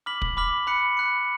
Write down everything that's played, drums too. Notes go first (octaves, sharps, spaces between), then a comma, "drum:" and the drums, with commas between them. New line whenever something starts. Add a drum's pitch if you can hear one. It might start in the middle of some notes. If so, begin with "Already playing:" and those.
B5 D6 F6 B6 F#7
drum: kick
B5 D6 F6 B6 F#7
B5 F#6 C#7
B5 F#6 C#7